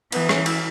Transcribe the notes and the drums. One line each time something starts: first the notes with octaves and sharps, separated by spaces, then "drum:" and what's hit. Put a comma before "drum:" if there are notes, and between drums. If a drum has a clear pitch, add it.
E3 B3, drum: cymbal
C#4, drum: rim click
E4, drum: cymbal